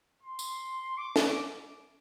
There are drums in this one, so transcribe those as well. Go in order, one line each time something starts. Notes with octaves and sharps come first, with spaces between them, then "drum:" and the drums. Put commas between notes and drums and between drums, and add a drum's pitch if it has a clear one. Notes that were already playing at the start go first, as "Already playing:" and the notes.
C6
drum: tambourine
D6
drum: snare